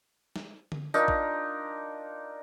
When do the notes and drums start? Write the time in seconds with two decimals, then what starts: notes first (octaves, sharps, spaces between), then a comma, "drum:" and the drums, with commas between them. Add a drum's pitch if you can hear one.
0.36 drum: snare
0.72 drum: tom D3
0.94 D4 D#4 F4 A#4, drum: tambourine
1.08 drum: kick A1